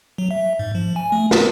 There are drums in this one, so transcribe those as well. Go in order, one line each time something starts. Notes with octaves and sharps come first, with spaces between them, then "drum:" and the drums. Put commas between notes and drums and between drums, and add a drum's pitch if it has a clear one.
F#3
E5
G#2
F3
G#5
A3
A#4, drum: snare